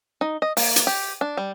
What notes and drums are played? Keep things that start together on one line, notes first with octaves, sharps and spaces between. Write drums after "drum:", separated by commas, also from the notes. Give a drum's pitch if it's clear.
D#4
D#5
A#3, drum: open hi-hat
drum: hi-hat
G4
D4
G3